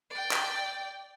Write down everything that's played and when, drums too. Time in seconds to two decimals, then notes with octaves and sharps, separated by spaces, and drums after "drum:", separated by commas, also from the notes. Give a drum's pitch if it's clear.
0.10 D5 G5
0.31 drum: clap